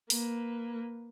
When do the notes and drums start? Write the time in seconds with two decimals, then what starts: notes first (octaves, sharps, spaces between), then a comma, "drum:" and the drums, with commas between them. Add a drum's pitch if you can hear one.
0.10 A#3 B4, drum: open hi-hat